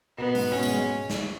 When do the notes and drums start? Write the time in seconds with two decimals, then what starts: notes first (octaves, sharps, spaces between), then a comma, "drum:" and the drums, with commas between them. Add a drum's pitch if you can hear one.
0.18 B2 B3
0.35 G#2, drum: open hi-hat
0.51 B2 C#4
0.63 G#3, drum: tambourine
0.74 G#3
1.10 drum: snare